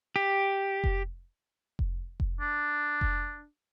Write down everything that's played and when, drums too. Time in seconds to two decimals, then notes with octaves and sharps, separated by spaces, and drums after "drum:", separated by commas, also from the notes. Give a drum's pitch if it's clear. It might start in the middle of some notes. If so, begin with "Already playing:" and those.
0.16 G4
0.84 drum: kick F1
1.79 drum: kick F1
2.20 drum: kick F1
2.40 D4
3.01 drum: kick F1